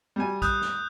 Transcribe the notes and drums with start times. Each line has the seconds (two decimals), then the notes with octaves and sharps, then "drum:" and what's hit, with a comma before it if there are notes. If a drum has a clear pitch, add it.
0.16 G3 G#5
0.42 D#6 F#6 G6, drum: kick, hi-hat
0.61 drum: snare